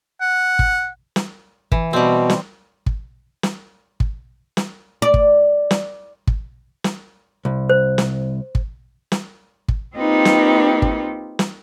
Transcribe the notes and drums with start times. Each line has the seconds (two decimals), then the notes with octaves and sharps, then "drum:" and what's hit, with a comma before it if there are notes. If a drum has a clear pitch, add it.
0.21 F#5
0.59 drum: kick
1.16 drum: snare
1.72 E3, drum: kick
1.93 B2 G3 C4
2.30 drum: snare
2.86 drum: kick
3.43 drum: snare
4.00 drum: kick
4.57 drum: snare
5.02 D5
5.14 drum: kick
5.71 drum: snare
6.27 drum: kick
6.84 drum: snare
7.45 C2
7.70 C5
7.98 drum: snare
8.55 drum: kick
9.12 drum: snare
9.68 drum: kick
9.96 A#3 C4 D#4 F4 G4 B4
10.25 drum: snare
10.82 drum: kick
11.39 drum: snare